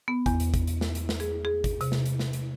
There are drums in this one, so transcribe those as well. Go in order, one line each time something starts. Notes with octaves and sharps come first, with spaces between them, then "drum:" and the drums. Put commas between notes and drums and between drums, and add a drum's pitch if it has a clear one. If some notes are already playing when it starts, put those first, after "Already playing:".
B3
E2, drum: kick, hi-hat
drum: hi-hat
drum: kick, hi-hat
drum: hi-hat
drum: snare
drum: hi-hat
drum: snare
G#4, drum: hi-hat
G#4
drum: kick, hi-hat
C3, drum: hi-hat
drum: snare
drum: hi-hat
drum: snare
drum: hi-hat